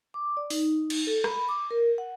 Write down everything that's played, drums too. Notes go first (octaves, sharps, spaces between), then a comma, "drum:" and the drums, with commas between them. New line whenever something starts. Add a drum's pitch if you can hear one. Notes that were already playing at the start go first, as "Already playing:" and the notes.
D6
D5
D#4, drum: open hi-hat
drum: cymbal
A4
B5, drum: rim click
D6
A#4
F#5